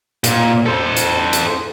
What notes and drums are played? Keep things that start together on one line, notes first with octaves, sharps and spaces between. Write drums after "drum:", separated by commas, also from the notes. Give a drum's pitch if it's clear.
A#2, drum: hi-hat
A4 C5
drum: hi-hat
drum: hi-hat